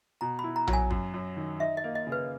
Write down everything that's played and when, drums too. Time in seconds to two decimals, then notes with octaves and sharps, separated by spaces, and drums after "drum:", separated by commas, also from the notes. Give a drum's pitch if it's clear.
0.21 B2 A#5
0.39 B5
0.44 E4
0.56 A#5
0.67 F#3, drum: tom A#1
0.73 G#5
0.90 F#2, drum: kick G1
1.14 F#2
1.37 D#3
1.60 D#4 E5
1.77 D#5
1.84 A#3
1.95 D#5
2.07 C#3
2.12 B4